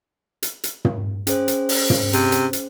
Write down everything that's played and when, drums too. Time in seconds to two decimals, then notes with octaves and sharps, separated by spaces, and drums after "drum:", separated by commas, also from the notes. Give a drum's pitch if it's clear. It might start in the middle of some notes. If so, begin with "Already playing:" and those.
0.43 drum: hi-hat
0.64 drum: hi-hat
0.85 drum: tom
1.27 C#4 G#4 C5, drum: hi-hat
1.48 drum: hi-hat
1.69 drum: open hi-hat
1.90 drum: tom
2.13 C3, drum: hi-hat
2.32 drum: hi-hat
2.53 drum: hi-hat